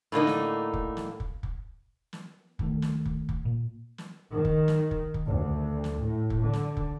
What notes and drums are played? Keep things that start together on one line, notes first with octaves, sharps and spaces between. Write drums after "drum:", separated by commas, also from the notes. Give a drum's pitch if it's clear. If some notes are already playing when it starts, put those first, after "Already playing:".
A2 D3 A#3 D#4
drum: snare
drum: kick
drum: snare
drum: kick
drum: kick
drum: snare
D2 D#3 A3, drum: kick
drum: snare
drum: kick
drum: kick
A#2
drum: snare
D#3
drum: kick
drum: snare
drum: kick
drum: kick
D2
drum: snare
A2
drum: kick
D3
drum: snare
drum: kick